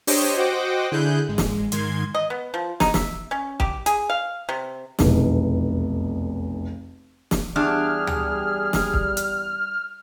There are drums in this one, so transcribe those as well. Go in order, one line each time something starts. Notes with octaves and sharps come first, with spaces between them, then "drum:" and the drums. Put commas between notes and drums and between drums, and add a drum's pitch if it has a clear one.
D4 G4 C5 C#5 D#5, drum: open hi-hat
F#4 C5 D#5 F#5 G5 D6
D3 E4 G#4 F#6 G6
G#1 G#3
drum: snare
G#2 D#3 C6 G#6, drum: hi-hat
D#5
B3
F3
D#4, drum: snare
E5, drum: snare
C#4
G4, drum: kick
G#4, drum: hi-hat
F5
C3
F1 B1 E2, drum: snare
drum: snare
E2 G3 D4 G#4 F6
drum: tom D2
drum: snare
drum: kick
drum: hi-hat